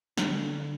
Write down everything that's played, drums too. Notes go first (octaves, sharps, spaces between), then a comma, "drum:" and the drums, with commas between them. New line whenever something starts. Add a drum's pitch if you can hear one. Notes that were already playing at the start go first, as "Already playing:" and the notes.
D3, drum: snare